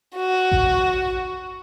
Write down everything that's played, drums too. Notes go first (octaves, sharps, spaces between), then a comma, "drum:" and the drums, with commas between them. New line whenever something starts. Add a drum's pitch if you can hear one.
F#4
drum: kick A1